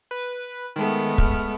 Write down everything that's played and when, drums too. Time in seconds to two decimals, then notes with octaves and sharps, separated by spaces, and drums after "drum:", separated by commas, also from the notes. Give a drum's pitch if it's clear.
0.11 B4
0.76 D#3 G#3 A3 B3
1.18 F6, drum: kick